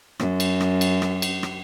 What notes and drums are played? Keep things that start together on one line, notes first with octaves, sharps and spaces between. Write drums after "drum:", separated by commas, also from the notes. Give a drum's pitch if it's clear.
F#2, drum: rim click
drum: cymbal
drum: rim click
drum: cymbal
drum: rim click
drum: cymbal
drum: rim click